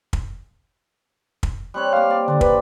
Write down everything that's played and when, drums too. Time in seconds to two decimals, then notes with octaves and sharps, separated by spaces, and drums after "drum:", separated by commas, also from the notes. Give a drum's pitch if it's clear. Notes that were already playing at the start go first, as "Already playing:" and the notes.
0.13 drum: kick
1.43 drum: kick
1.74 G3 C4 C#5 F#6
1.93 A#3 C5 F5
2.10 D5
2.28 D3 D4 C5
2.41 B4, drum: kick